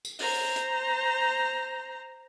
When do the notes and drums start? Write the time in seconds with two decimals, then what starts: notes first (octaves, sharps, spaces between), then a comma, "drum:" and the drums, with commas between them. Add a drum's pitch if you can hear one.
0.05 drum: tambourine
0.19 C5 A#5, drum: open hi-hat
0.56 drum: hi-hat